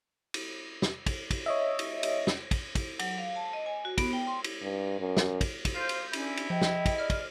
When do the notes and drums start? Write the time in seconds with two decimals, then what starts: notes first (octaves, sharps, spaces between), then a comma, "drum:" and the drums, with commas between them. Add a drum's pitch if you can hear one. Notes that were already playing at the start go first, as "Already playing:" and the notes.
0.34 drum: cymbal
0.82 drum: snare
1.06 drum: kick, cymbal
1.31 drum: kick, cymbal
1.46 C#5 D#5 E5
1.79 drum: cymbal
2.03 drum: cymbal
2.27 drum: snare
2.51 drum: kick, cymbal
2.75 drum: kick, cymbal
2.99 F#3, drum: cymbal
3.18 F5
3.36 A5
3.53 D#5
3.66 G#5
3.85 F#4
3.98 B3, drum: kick, cymbal
4.13 G5
4.27 C6
4.44 drum: cymbal
4.62 G2
5.00 F#2
5.17 drum: snare
5.41 drum: kick, cymbal
5.65 drum: kick, cymbal
5.75 F4 C5 G6
5.89 drum: cymbal
6.13 C#4 D4 E4, drum: cymbal
6.37 drum: cymbal
6.50 F3 G#4 D#5 G5
6.61 drum: snare
6.86 drum: kick, cymbal
6.98 D5 F6
7.10 drum: kick, cymbal